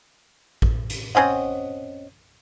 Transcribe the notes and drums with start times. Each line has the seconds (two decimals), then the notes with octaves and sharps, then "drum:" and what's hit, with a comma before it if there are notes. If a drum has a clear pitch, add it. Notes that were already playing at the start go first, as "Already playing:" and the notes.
0.62 drum: kick A1
0.90 drum: hi-hat
1.15 C4 C#4 D#5 F#5